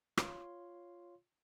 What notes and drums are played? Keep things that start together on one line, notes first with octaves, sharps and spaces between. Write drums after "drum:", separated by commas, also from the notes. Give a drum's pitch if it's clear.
F4 C#5 F5 C6, drum: rim click